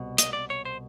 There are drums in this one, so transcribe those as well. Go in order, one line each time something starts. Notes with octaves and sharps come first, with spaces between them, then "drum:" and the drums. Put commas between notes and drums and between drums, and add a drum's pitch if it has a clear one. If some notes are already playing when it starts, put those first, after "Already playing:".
Already playing: C2 B2
D#5, drum: hi-hat
D5
C#5
C5